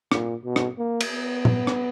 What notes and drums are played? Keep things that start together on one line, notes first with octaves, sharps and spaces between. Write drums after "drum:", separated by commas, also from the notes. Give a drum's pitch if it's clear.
A#2, drum: rim click
B2
drum: rim click
A#3
drum: cymbal
B3
drum: tom
drum: rim click